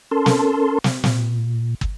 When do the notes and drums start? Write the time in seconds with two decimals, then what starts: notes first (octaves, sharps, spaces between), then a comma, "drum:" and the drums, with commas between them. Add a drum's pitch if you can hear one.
0.11 C#4 A4 A#4 A5 C6
0.26 drum: snare
0.84 drum: snare
1.04 A#2, drum: snare
1.81 drum: kick